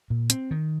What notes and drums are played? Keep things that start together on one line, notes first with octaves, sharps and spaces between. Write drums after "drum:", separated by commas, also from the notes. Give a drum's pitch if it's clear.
A#2
C4, drum: hi-hat
D#3